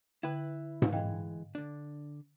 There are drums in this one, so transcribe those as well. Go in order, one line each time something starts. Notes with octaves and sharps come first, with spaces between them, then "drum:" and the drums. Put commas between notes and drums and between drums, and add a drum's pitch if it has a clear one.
D3 E4 B4 G5 G#6
drum: tom G#2
E3 G#3 D#5 F5 G5
D3 D4